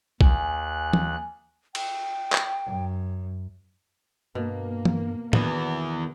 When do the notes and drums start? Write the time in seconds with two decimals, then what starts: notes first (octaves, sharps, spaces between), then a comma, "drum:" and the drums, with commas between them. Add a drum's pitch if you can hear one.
0.21 D#2 G#5 F#6, drum: kick B1
0.93 drum: tom
1.75 G5, drum: cymbal
2.32 drum: clap
2.66 F#2
4.35 G2 B2 A#3
4.85 drum: tom
5.33 E2 D#3 E3 B3 D4 F#4, drum: tom